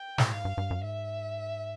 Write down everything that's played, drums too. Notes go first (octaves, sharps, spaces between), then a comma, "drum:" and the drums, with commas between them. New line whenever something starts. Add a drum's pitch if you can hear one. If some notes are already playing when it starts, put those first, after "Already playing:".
Already playing: G5
A2, drum: snare
G#2 F5
G2
G2
F#2
G2
G#2 E5